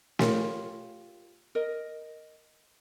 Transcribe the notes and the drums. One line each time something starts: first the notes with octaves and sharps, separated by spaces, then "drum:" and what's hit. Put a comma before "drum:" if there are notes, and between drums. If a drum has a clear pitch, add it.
F4 G4 A#4 C#5, drum: snare
A#4 D#5